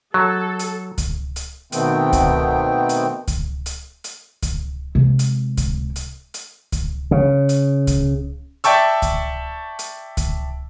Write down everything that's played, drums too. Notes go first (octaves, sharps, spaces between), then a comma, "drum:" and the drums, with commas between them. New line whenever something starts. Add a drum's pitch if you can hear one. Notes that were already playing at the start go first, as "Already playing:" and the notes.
F#3 A4
drum: hi-hat
drum: kick C#2, hi-hat
drum: hi-hat
B2 D#3 A3 B3 C4 G5, drum: hi-hat
drum: kick C#2, hi-hat
drum: hi-hat
drum: kick C#2, hi-hat
drum: hi-hat
drum: hi-hat
drum: kick C#2, hi-hat
C3 G#3
drum: hi-hat
drum: kick C#2, hi-hat
drum: hi-hat
drum: hi-hat
drum: kick C#2, hi-hat
C#3
drum: hi-hat
drum: kick C#2, hi-hat
D5 E5 G5 A5 C#6 E6, drum: hi-hat
drum: kick C#2, hi-hat
drum: hi-hat
drum: kick C#2, hi-hat